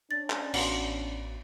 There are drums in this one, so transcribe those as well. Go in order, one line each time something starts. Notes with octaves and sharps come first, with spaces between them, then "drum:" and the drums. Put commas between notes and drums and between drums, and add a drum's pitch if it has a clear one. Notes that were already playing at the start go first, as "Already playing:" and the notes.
C#4 D4 A6
drum: clap
A1 B3 F#4 F#5 C6, drum: cymbal